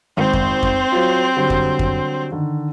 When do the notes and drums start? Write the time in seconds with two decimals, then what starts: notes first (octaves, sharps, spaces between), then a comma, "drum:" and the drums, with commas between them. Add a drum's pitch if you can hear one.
0.17 G#1 C4 C5
0.34 drum: kick F2
0.63 drum: kick F2
0.92 F#3 F4
1.36 D3 F#3 G3
1.50 drum: kick F2
1.79 drum: kick F2
2.32 D3 D#3